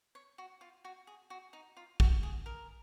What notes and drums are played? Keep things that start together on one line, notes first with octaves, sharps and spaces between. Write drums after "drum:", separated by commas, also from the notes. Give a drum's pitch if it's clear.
C#5
F#4
F4
F#4
G#4
F#4
D#4
F4
F#4, drum: kick
G#4
A#4